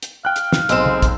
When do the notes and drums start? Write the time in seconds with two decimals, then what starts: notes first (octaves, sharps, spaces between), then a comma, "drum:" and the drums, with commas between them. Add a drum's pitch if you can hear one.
0.03 drum: hi-hat
0.25 F5 G5 F#6
0.36 drum: hi-hat
0.52 drum: snare
0.69 B1 G#3 C4 E6 E7, drum: hi-hat
0.86 drum: tom
1.02 drum: kick, hi-hat